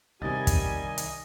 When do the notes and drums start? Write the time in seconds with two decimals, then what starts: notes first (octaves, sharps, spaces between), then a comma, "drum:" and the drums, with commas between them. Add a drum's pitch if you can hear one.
0.22 C2 C3 D#3 G3 D#5 G#5 A6
0.47 drum: kick, hi-hat
0.98 drum: hi-hat